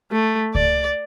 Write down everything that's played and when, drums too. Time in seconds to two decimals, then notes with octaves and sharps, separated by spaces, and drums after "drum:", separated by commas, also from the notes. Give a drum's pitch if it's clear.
0.12 A3
0.55 D5, drum: kick C#2